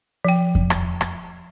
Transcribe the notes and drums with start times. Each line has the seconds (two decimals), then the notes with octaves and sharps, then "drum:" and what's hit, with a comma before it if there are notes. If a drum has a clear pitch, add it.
0.25 F3 G5
0.55 drum: kick F2
0.70 drum: rim click
1.01 drum: rim click